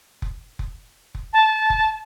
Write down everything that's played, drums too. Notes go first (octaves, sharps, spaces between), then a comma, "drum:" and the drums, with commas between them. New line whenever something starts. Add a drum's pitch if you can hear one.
drum: kick F1
drum: kick F1
drum: kick F1
A5
drum: kick F1